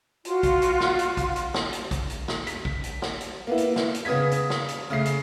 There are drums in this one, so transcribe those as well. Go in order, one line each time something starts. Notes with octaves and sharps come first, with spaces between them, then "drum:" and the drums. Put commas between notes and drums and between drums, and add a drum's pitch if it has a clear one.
F4 F#4 C6, drum: hi-hat
drum: kick, hi-hat
drum: hi-hat
drum: snare
drum: hi-hat
drum: kick, hi-hat
drum: hi-hat
drum: snare
drum: hi-hat
drum: kick, hi-hat
drum: hi-hat
drum: snare
B6, drum: hi-hat
drum: kick
drum: hi-hat
drum: snare
drum: hi-hat
A#3 B3 E4
drum: hi-hat
drum: snare
drum: hi-hat
C#3 B3 D#6 G#6 B6
drum: hi-hat
drum: snare
drum: hi-hat
C#3 A3 C7
drum: hi-hat